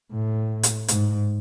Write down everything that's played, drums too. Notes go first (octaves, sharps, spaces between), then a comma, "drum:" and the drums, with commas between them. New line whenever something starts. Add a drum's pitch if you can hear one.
A2
drum: hi-hat
G#2, drum: hi-hat